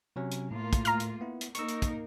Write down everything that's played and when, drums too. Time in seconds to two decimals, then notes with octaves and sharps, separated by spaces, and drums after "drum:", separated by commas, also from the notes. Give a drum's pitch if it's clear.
0.16 C3 F#3 C#4
0.32 drum: hi-hat
0.51 A2 A3 A#3 F4
0.73 drum: kick, hi-hat
0.85 A#5 F6, drum: hi-hat
1.00 drum: hi-hat
1.21 B3 E4
1.41 drum: hi-hat
1.55 A#3 D#4 A#4 C#6 E6, drum: hi-hat
1.68 drum: hi-hat
1.82 drum: kick, hi-hat